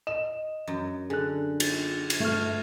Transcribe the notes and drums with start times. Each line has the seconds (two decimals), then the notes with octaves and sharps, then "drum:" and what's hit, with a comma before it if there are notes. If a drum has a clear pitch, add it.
0.07 D#5 E7
0.67 F#2
1.10 D3 G#4 F#6
1.60 drum: cymbal
2.10 drum: cymbal
2.20 G2 A3 F6